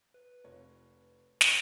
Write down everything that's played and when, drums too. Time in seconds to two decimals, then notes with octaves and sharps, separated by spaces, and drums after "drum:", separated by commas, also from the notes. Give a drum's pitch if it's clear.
0.14 B4
0.44 F1 F4 C#5
1.41 drum: snare